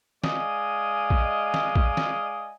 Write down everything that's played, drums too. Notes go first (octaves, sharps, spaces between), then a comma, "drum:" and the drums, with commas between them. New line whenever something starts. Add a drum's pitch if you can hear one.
G#3 D5 D#5 F5 G#5, drum: snare
drum: kick
drum: snare
drum: kick
drum: snare